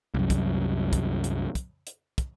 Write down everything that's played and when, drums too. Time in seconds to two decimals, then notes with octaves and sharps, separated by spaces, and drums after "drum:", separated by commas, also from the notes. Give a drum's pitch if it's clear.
0.14 C2 F#2
0.30 drum: kick, hi-hat
0.93 drum: kick, hi-hat
1.24 drum: hi-hat
1.55 drum: kick, hi-hat
1.87 drum: hi-hat
2.18 drum: kick, hi-hat